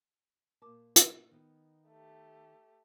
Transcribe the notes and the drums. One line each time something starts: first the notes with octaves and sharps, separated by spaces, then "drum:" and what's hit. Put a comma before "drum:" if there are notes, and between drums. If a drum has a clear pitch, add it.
A#2 A#4 A5 D6
drum: hi-hat
D#3 B3
A3 G4